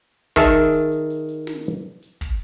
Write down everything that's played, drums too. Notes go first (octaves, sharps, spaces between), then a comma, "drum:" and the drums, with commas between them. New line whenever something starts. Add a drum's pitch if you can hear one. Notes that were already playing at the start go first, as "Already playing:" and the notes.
D#3 G#4 E5 A5, drum: kick, hi-hat
drum: hi-hat
drum: hi-hat
drum: hi-hat
drum: hi-hat
drum: hi-hat
drum: snare
drum: hi-hat
drum: hi-hat
drum: kick, hi-hat